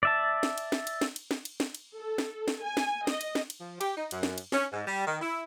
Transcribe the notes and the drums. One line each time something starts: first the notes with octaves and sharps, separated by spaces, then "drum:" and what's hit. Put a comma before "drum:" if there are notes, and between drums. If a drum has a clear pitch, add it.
D5 E5 A5
drum: snare
drum: cymbal
drum: snare
drum: cymbal
drum: snare
drum: cymbal
drum: snare
drum: cymbal
drum: snare
drum: cymbal
A4
drum: snare
drum: snare
G#5
drum: snare
D#5, drum: snare
drum: cymbal
drum: snare
drum: cymbal
F3
G4, drum: cymbal
D#4
F#2, drum: cymbal
drum: snare
drum: cymbal
C#4, drum: snare
G#2
G3
D#3
E4